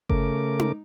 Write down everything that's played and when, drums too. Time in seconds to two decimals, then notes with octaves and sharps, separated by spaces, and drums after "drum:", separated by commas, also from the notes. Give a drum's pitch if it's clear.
0.10 C#3 A3 A#4 D6, drum: kick G1
0.59 drum: tom D#4